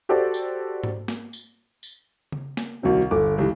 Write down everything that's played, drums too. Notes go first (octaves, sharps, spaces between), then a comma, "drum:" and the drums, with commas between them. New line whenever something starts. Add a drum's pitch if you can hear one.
F#4 G4 A4 C5 D5
drum: tambourine
drum: tom G#2
drum: snare
drum: tambourine
drum: tambourine
drum: tom C#3
drum: snare
C2 D#3 C4 F#4
G1 A4 D6
C#2 E3 G4